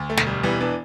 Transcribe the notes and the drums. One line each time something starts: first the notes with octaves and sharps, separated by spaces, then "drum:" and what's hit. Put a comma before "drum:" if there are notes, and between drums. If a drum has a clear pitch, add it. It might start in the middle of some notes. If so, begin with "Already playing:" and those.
Already playing: D2
A3
E1, drum: snare
G3
E3 G3 B3
B3 D4